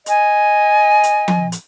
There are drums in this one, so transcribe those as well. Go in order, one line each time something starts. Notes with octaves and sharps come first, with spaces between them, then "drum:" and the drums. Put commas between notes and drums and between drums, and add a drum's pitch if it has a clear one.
D#5 G#5, drum: hi-hat
drum: hi-hat
drum: tom F3
drum: hi-hat